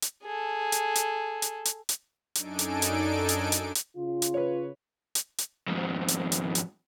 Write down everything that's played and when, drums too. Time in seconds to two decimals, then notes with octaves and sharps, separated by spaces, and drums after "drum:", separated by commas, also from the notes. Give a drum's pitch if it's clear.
0.02 drum: hi-hat
0.23 G#4 A4
0.72 drum: hi-hat
0.96 drum: hi-hat
1.42 drum: hi-hat
1.65 drum: hi-hat
1.89 drum: hi-hat
2.35 F#2 D4 D#4 A4 G#5 D7, drum: hi-hat
2.59 drum: hi-hat
2.82 drum: hi-hat
3.29 drum: hi-hat
3.52 drum: hi-hat
3.75 drum: hi-hat
3.96 C#3 F4
4.22 drum: hi-hat
4.34 B4 C#5
5.15 drum: hi-hat
5.38 drum: hi-hat
5.68 F2 G#2
6.08 drum: hi-hat
6.32 drum: hi-hat
6.55 drum: hi-hat